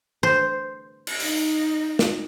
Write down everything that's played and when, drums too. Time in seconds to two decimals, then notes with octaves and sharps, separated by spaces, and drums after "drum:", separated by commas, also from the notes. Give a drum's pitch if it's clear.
0.23 C5
1.07 drum: cymbal
1.20 D#4, drum: open hi-hat
1.99 drum: snare